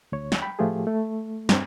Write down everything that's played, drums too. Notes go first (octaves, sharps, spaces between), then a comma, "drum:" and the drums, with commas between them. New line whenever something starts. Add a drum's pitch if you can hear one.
D2 C#5
drum: snare
G5 B5
A2 F3 A3 F4 G4 G#4
A3
G2 C4, drum: snare